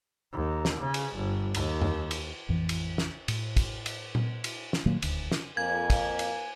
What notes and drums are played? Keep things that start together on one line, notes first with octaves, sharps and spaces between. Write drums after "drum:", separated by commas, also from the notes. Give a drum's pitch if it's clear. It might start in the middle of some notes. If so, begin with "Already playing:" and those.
D#2
drum: snare
C#3
drum: cymbal
G1
D#2, drum: cymbal
drum: tom F2
drum: cymbal
A1 F2 E3
drum: cymbal
drum: snare
A2, drum: cymbal
drum: kick, cymbal
drum: cymbal
drum: tom A#2
drum: cymbal
drum: snare
A#2 D#3 F#3 A#3
D#1 D2, drum: cymbal
drum: snare
F2 A#3 G#5 G#6
drum: kick, cymbal
drum: cymbal